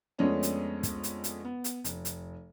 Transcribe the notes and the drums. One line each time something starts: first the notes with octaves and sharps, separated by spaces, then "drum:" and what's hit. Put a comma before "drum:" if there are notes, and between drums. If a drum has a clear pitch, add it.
F2 G#3 A3 B3 C#4 D4
drum: hi-hat
drum: kick, hi-hat
drum: hi-hat
drum: hi-hat
B3
drum: hi-hat
F1, drum: hi-hat
drum: hi-hat